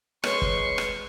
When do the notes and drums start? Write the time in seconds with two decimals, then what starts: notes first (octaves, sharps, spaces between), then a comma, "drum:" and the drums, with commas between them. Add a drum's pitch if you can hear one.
0.24 G#3 C#4 B4 C6 C#6, drum: rim click
0.42 drum: kick
0.78 drum: rim click